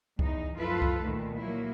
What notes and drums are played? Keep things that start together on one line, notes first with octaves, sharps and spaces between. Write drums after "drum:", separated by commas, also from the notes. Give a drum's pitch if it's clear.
E2 D#4, drum: kick C2
F#2 F3 F4 A4 B4
drum: kick C2
A#2 D#3 A3
F#3 A#3 E4